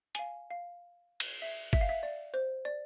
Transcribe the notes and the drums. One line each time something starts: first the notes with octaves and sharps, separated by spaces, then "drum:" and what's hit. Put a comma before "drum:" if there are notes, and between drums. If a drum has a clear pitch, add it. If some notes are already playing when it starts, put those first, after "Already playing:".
G#5, drum: hi-hat
F5
F5
drum: cymbal
E5
E5, drum: kick G1
F5
E5
D5
C5
D5